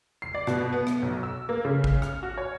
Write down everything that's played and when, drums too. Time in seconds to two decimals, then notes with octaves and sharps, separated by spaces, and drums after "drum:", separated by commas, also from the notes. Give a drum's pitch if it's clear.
0.22 C7
0.35 D5
0.47 B2, drum: rim click
0.72 B3
0.87 drum: rim click
1.02 B1
1.23 E6
1.49 A#3
1.65 C#3
1.84 drum: kick G#1
2.02 F6, drum: rim click
2.23 F#4
2.38 C#5